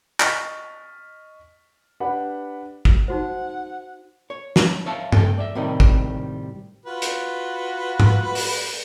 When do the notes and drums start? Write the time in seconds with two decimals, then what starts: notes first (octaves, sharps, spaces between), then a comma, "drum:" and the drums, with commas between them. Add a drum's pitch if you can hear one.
0.20 D#5 C#6 F6 A6 B6, drum: clap
2.00 D4 G4 B4 F#5 B5
2.85 drum: kick
3.08 D#4 F#4 C5 F#5
4.30 C#5
4.56 drum: snare
4.86 C#5 E5 F5 A5
5.12 C#3 A4 G5, drum: tom G2
5.38 D5 E5
5.55 A2 C3 D#3 G3
5.80 drum: kick
6.86 F4 F#4 B4
7.02 drum: hi-hat
8.00 drum: tom G#2
8.35 drum: open hi-hat